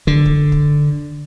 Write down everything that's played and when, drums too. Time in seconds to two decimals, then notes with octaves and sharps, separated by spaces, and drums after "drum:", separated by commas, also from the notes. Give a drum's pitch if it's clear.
0.07 D3, drum: kick
0.26 drum: kick
0.52 drum: kick